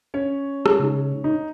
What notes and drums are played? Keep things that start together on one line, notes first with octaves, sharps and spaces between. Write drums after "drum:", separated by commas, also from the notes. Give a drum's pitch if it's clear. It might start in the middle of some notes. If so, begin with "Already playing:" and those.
C#4 C#5
drum: rim click
C#3 G#3 D#4 G#4
D#4